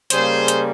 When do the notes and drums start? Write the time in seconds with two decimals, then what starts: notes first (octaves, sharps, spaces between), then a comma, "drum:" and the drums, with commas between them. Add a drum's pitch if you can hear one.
0.10 C#3 G3 A#3 G#4 C5, drum: hi-hat
0.48 drum: hi-hat